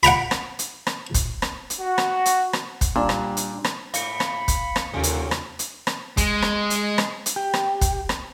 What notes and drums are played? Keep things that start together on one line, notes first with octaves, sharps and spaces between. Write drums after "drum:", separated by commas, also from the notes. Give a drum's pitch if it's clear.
F#5 G5 A#5 B5, drum: hi-hat
drum: rim click
drum: hi-hat
drum: rim click
drum: kick, hi-hat
drum: rim click
drum: hi-hat
F#4
drum: rim click
drum: hi-hat
drum: rim click
drum: kick, hi-hat
A#2 G3 D4
drum: rim click
drum: hi-hat
drum: rim click
G#2 F5 B5 C#7, drum: hi-hat
drum: rim click
drum: kick, hi-hat
drum: rim click
D#2 C3 F4 F#4
drum: hi-hat
drum: rim click
drum: hi-hat
drum: rim click
G#3, drum: kick, hi-hat
drum: rim click
drum: hi-hat
drum: rim click
drum: hi-hat
G4
drum: rim click
drum: kick, hi-hat
drum: rim click